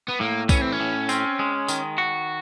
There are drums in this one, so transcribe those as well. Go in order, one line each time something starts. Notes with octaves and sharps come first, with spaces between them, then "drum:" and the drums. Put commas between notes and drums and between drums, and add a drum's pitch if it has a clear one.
B3
A2 A#3
E3 C#4, drum: kick C2, tambourine
C4
C#4
A2
C4, drum: tambourine
G#3
D#3, drum: tambourine
F#4